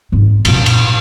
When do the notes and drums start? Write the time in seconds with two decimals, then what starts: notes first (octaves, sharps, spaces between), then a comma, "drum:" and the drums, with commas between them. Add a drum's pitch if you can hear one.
0.12 G#2 C4
0.45 F#2 A#2, drum: cymbal
0.66 drum: cymbal